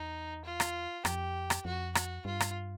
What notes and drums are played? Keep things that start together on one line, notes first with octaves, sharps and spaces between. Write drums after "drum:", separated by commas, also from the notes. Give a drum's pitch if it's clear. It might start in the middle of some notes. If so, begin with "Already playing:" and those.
Already playing: E2 D#4
F4
drum: rim click
F2 G4, drum: rim click
drum: rim click
F2 F#4
F#4, drum: rim click
G2 F4
drum: rim click